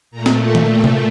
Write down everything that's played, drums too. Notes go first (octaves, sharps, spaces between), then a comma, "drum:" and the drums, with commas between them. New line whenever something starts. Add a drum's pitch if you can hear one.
A#2 A3 A#5
drum: snare
A5
drum: tom D#3
G5
drum: tom C3